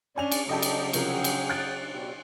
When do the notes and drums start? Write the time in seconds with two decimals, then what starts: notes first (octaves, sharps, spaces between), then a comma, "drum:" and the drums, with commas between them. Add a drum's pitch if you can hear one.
0.16 C#4 D4 C#5 D5 G#5 C#6 F7
0.32 drum: cymbal
0.49 C#3 F#3 G3 G4 A4 D#5 G5 A5
0.62 drum: cymbal
0.93 C3 F3 G#4 A#4 F#5 G5, drum: cymbal
1.24 drum: cymbal
1.50 F#6 A6 D7
1.91 B2 G3